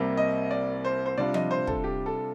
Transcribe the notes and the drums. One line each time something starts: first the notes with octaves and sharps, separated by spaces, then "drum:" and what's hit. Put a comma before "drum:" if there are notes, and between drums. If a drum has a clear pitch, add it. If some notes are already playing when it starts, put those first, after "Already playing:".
Already playing: C2 C3 G3 A#3
D#5
D5
C5
C5
C3 G3 D4 F4 D5
D#5, drum: tom F3
C5
A4, drum: kick
G4
A4